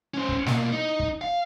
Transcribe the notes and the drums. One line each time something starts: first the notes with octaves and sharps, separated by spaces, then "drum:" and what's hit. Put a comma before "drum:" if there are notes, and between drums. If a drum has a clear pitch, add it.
C#4 C5
drum: kick
B2 A#3, drum: snare
D#4
drum: kick
F5